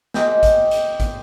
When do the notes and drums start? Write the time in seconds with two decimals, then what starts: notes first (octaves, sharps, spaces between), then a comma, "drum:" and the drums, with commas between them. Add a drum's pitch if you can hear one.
0.14 G#3 A#3 D#5 G5, drum: snare
0.43 drum: kick, hi-hat
0.71 drum: hi-hat
1.00 drum: kick, hi-hat